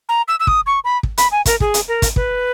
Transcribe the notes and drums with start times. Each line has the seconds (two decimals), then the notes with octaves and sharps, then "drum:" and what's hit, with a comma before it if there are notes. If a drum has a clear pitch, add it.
0.09 A#5
0.28 E6
0.40 E6
0.47 D#6, drum: kick
0.66 C#6
0.84 B5
1.03 drum: kick
1.18 B5, drum: hi-hat
1.31 G#5
1.46 A#4, drum: kick, hi-hat
1.60 G#4, drum: kick
1.74 drum: hi-hat
1.88 A#4
2.02 drum: kick, hi-hat
2.16 B4, drum: kick